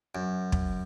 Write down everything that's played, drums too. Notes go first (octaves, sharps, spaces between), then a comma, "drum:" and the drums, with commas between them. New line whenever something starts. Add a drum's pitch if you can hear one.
F#2
drum: kick